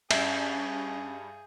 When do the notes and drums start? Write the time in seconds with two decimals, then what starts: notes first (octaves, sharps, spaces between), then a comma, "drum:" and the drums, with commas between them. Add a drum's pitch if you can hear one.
0.11 G2 C#4 G#4 E5 G6 C7, drum: cymbal